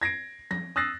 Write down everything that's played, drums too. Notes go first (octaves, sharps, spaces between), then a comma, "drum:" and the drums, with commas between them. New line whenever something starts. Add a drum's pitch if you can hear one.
G#6 A#6 C7 D7
A#6, drum: tom F3
D#6 E6 F#6 A6 A#6 C7